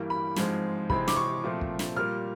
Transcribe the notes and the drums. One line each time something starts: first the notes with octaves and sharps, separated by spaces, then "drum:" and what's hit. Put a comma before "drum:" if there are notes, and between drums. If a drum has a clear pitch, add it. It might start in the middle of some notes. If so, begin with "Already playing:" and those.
Already playing: G2 E3 G3 A#3
B5
G#2 F3 G#3 C4, drum: snare
C3 E3 G#3 C4 B5, drum: kick
D6, drum: snare
C#6
A#2 F3 A3 C4
drum: kick
drum: snare
A#2 G3 A#3 F6